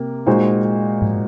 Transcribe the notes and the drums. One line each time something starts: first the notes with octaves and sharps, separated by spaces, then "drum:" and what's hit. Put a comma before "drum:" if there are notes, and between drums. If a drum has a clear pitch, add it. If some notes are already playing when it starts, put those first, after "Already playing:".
Already playing: C3 A#3
A#2 G#3 D#4 F#4 C5
drum: tom G#2